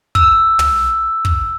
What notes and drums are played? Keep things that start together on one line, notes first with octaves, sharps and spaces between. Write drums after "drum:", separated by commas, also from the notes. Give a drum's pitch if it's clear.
E6, drum: kick
drum: tom
drum: kick